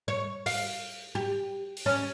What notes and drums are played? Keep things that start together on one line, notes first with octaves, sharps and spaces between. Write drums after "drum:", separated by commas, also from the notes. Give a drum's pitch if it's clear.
C#5
F5, drum: open hi-hat
G4
drum: open hi-hat
C#4